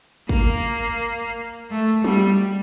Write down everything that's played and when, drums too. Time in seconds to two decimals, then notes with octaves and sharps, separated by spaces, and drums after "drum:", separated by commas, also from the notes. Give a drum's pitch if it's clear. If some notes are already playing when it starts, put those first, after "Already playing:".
0.29 A#3, drum: kick
1.70 A3
2.04 G3, drum: tom